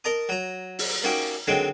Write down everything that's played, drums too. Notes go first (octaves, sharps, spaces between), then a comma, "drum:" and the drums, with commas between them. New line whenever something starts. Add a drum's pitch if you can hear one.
A#4 D#5 A5 A#5 D#6
F#3 A#5
drum: open hi-hat
A#3 C#4 D#4 F#4 G4
D3 D#3 F#3 G#3 C4